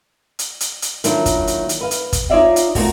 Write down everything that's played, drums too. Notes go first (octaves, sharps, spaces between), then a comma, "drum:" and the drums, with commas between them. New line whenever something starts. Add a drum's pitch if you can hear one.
drum: hi-hat
drum: hi-hat
drum: hi-hat
D#3 F#3 A#3 D4 E4 F4, drum: hi-hat
drum: kick, hi-hat
drum: hi-hat
drum: hi-hat
B4 F5
drum: hi-hat
drum: kick, hi-hat
D#4 F4 C#5 D5 E5 F5
drum: hi-hat
A3 A#3 D4 F4 F#4 A4, drum: kick, open hi-hat